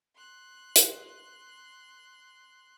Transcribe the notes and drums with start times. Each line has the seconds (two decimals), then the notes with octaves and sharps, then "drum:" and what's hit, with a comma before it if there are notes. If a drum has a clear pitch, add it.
0.16 C6 F#6
0.76 drum: hi-hat